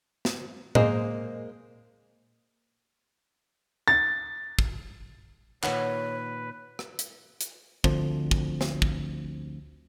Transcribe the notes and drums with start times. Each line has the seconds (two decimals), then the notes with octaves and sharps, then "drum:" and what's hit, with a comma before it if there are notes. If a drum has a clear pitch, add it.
0.25 drum: snare
0.75 G#3 A#3 G#4 C5 D#5, drum: tom A2
3.88 A6
4.59 drum: kick
5.63 A#2 D#3 B4 C#5 F#5, drum: clap
6.79 drum: rim click
6.99 drum: hi-hat
7.41 drum: hi-hat
7.84 D2 D3 F3 C4, drum: kick
8.31 drum: kick
8.61 drum: snare
8.82 drum: kick